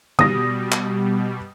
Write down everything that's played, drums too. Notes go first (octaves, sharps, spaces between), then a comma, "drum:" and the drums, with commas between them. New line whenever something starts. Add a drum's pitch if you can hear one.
B2 G3 D#6 A#6, drum: tom D3
drum: clap